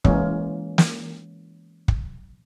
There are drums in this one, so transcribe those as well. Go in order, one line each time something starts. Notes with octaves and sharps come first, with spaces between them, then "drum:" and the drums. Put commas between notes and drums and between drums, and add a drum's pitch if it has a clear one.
E3 G#3 A#3 C#4, drum: kick
drum: snare
drum: kick